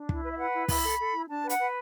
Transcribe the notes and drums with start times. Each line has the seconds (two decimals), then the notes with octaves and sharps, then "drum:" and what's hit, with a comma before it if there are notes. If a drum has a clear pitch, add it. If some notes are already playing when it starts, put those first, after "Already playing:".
Already playing: D4
0.09 E4, drum: kick
0.24 B4
0.32 E5
0.38 B4 F#5
0.54 E4
0.68 E4 B5, drum: kick, open hi-hat
0.84 A4
0.99 A4
1.14 E4
1.29 D4 A5
1.44 B4
1.49 F#5, drum: hi-hat
1.59 B4